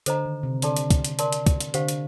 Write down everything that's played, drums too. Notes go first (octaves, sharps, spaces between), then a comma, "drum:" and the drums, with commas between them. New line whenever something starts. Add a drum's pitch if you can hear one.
D3 A4 C5 D#5 A#5, drum: hi-hat
D#3
C3
D3 A4 D5 A5 C6, drum: hi-hat
drum: hi-hat
drum: kick, hi-hat
drum: hi-hat
A#4 D5 A5 C6, drum: hi-hat
drum: hi-hat
drum: kick, hi-hat
drum: hi-hat
D3 G4 C5 F5, drum: hi-hat
drum: hi-hat